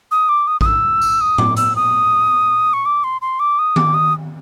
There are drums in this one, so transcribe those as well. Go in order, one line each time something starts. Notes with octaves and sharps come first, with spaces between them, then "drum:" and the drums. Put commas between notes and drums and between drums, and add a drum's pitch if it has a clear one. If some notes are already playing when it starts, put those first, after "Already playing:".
D#6
D6
D#6
D#6, drum: kick A1
E6
drum: tambourine
D#6
D6, drum: tom
E6, drum: hi-hat
D#6
C#6
D6
C6
C6
D6
D#6
D6, drum: tom D#3
D#6